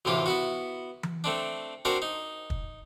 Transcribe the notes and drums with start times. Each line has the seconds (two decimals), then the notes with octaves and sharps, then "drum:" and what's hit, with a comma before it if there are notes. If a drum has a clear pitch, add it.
0.05 D2 A2 C3 E3 F4 G4
0.26 B3 E4 F#4
1.03 drum: tom E3
1.24 A3 C4 D4
1.85 C4 D4 F#4 A#4 C5
2.02 D#4
2.50 drum: kick